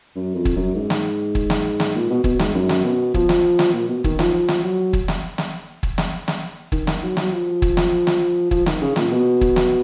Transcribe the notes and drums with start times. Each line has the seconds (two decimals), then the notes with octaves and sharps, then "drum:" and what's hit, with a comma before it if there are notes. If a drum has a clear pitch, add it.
0.16 F#2
0.35 F2
0.45 drum: kick
0.56 F#2
0.75 G#2
0.90 drum: snare
1.35 drum: kick
1.50 drum: snare
1.80 drum: snare
1.95 A#2
2.10 B2
2.24 B2, drum: kick
2.39 G#2, drum: snare
2.54 F#2
2.69 drum: snare
2.84 B2
3.14 F3, drum: kick
3.29 drum: snare
3.59 drum: snare
3.73 A#2
3.89 B2
4.04 D#3, drum: kick
4.19 F3, drum: snare
4.34 F3
4.48 drum: snare
4.63 F#3
4.93 drum: kick
5.08 drum: snare
5.38 drum: snare
5.83 drum: kick
5.98 drum: snare
6.28 drum: snare
6.72 D#3, drum: kick
6.87 D#3, drum: snare
7.03 F#3
7.17 F#3, drum: snare
7.32 F3
7.62 drum: kick
7.77 drum: snare
8.07 drum: snare
8.51 F3, drum: kick
8.66 D#3, drum: snare
8.82 C#3
8.96 A#2, drum: snare
9.11 B2
9.41 drum: kick
9.56 drum: snare